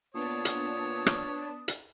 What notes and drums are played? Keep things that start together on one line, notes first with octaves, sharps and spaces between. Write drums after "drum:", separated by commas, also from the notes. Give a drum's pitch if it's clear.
A#2 B3 D4 C#5 A5 D#6
drum: hi-hat
drum: rim click
drum: hi-hat